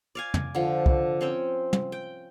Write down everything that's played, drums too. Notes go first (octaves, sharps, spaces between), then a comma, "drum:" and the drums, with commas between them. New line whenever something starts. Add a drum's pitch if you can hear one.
D5 F5 G#5
drum: tom
D3 F3
drum: kick
C4 C#4 G5
drum: tom
G5